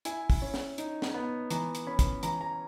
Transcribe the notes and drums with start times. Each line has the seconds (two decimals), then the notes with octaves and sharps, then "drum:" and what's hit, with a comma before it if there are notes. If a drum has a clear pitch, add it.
0.05 E4 G#5, drum: hi-hat
0.30 drum: kick, open hi-hat
0.42 C#4
0.54 drum: snare
0.78 D#4, drum: hi-hat
1.02 drum: snare
1.14 B3
1.51 E3 A#5, drum: hi-hat
1.75 drum: hi-hat
1.87 C#4 B5
1.99 drum: kick, hi-hat
2.23 E3 A#5, drum: hi-hat
2.41 A#5